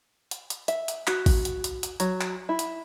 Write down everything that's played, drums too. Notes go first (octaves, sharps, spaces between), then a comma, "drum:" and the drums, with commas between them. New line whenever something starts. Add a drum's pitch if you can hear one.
drum: hi-hat
drum: hi-hat
E5, drum: hi-hat
drum: hi-hat
F#4, drum: clap
drum: kick, open hi-hat
drum: hi-hat
drum: hi-hat
drum: hi-hat
F#3, drum: hi-hat
drum: clap
E4
drum: hi-hat